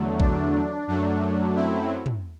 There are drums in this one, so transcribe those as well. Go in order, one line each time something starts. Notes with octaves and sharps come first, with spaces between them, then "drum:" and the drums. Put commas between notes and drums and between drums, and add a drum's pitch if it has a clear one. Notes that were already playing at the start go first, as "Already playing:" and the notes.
Already playing: E2 D3 F#3 A3
D4, drum: kick A#1
F#2 F#3 A3 D4
C4 E4
drum: tom